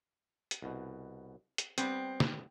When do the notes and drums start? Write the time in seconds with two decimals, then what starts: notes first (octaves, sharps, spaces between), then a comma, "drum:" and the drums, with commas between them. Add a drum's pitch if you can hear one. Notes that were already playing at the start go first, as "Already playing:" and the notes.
0.51 drum: hi-hat
0.62 C2 B2
1.58 drum: hi-hat
1.78 G3 B3 C4 G4, drum: hi-hat
2.20 drum: snare